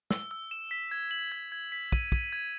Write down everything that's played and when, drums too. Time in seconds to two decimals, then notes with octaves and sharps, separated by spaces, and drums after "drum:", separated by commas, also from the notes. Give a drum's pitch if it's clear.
0.11 E6, drum: snare
0.31 E6
0.51 E7
0.71 B6
0.91 G#6
1.11 F#7
1.32 G#6
1.52 G#6
1.72 B6
1.92 D#7, drum: kick
2.12 D#7, drum: kick
2.33 G#6